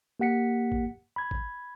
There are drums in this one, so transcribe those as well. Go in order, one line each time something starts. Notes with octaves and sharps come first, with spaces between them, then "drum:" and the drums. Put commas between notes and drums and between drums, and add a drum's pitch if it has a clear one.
A#3 G4 F#5 B6 C#7
drum: kick G#1
B5 G#6
drum: kick G#1